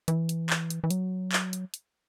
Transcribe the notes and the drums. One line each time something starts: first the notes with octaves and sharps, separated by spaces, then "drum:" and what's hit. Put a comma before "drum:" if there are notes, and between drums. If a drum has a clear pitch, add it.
E3, drum: hi-hat
drum: hi-hat
drum: clap
drum: hi-hat
E3
F#3, drum: hi-hat
drum: clap
drum: hi-hat
drum: hi-hat